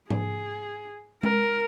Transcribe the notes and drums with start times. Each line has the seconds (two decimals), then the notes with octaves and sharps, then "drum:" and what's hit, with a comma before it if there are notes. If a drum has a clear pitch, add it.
0.10 G#4, drum: tom G#2
1.23 A#4, drum: tom G#3